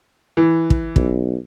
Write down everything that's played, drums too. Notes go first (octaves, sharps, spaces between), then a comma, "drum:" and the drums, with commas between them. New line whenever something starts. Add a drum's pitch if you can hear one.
E3
drum: kick
B1, drum: kick